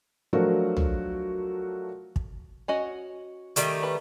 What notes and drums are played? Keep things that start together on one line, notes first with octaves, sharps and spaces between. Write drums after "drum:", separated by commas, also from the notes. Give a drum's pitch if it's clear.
F3 F#3 A3 D4 F#4 A#4
drum: tom
drum: kick
C#4 F#4 D#5
D#3 G3 A3, drum: hi-hat
B4